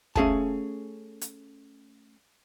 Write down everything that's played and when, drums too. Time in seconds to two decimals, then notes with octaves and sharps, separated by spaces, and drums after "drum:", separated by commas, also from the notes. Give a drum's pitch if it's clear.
0.16 A3 C#4 G#4 F5 A5, drum: kick
1.21 drum: hi-hat